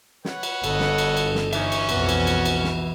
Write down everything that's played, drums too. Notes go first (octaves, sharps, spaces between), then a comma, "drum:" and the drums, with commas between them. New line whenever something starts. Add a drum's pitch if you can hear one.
B4 C#5 F#5, drum: snare
drum: cymbal
G1 G2 A4 D#5, drum: cymbal
drum: snare
drum: cymbal
drum: cymbal
drum: snare
E3 C#4 D#4 E5, drum: cymbal
drum: cymbal
B1 F2 B3 F#4, drum: cymbal
drum: cymbal
drum: cymbal
drum: cymbal
drum: snare